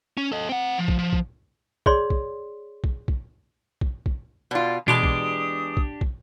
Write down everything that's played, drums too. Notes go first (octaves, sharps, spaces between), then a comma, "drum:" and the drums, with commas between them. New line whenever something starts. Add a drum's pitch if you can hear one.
C#4
A4 D#5
C4 F#5
F3
drum: kick
F3
drum: kick
G#4 C#5 D5 C6, drum: kick
drum: kick
drum: kick
drum: kick
drum: kick
drum: kick
B2 F4 D5
E2 B2 G#3 D4 G4 C6 D6 D#6
drum: kick
drum: kick
drum: kick